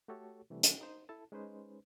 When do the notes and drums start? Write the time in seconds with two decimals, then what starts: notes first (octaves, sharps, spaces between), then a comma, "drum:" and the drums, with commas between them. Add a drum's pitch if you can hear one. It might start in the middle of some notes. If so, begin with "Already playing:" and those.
0.08 A3 F#4 G4 A4 C#5
0.50 C3 E3 G3 A3
0.63 drum: hi-hat
0.81 D#4 C5
1.09 E4 A4 A5
1.32 G#3 C#4 D#4 B4 C5